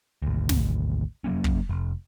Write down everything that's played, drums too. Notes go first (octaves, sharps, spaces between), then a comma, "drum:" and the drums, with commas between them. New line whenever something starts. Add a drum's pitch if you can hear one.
G#1 D2
drum: snare
F1 F#3 A#3 C#4
drum: kick
F1